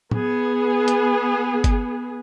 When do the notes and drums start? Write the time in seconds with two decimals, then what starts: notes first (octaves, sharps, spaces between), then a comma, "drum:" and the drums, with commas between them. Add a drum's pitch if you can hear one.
0.11 B3 G#4, drum: tom A2
0.88 drum: hi-hat
1.64 drum: kick G1, hi-hat